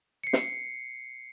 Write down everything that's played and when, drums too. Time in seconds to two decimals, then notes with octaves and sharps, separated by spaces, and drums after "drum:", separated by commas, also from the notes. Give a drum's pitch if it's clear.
0.24 C7 C#7
0.33 drum: snare